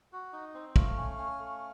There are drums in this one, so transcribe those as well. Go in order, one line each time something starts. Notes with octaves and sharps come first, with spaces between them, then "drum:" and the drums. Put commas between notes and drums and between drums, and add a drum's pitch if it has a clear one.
F#4
D#4
C4
A3 F5, drum: kick
C#4
C#4
A3